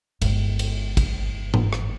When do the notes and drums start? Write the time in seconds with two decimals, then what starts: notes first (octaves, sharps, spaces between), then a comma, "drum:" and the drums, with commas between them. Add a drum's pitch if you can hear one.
0.22 G1 G#3, drum: cymbal
0.59 drum: cymbal
0.97 drum: kick, cymbal
1.54 drum: tom G#2
1.73 drum: rim click